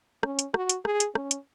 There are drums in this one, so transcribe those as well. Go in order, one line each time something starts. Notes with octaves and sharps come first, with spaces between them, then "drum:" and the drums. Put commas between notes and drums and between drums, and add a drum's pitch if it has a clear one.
C#4, drum: rim click
drum: hi-hat
F#4, drum: rim click
drum: hi-hat
G#4, drum: rim click
drum: hi-hat
C#4, drum: rim click
drum: hi-hat